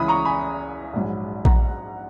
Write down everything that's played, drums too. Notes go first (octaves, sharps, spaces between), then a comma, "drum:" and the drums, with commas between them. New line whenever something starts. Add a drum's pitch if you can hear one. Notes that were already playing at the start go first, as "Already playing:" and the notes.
Already playing: C#2 C#3 E3 B5 D#6
A#5 C#6
G#5 B5
A#1 G#2 F#3
F#5 A#5, drum: kick A#1